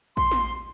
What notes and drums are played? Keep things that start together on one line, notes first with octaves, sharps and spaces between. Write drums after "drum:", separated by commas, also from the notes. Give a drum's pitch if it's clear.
C6, drum: kick A1
drum: snare